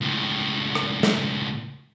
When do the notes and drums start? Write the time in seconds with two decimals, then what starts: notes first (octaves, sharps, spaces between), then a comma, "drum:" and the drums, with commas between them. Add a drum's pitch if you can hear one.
0.01 C#2 A2
0.75 drum: rim click
1.03 drum: snare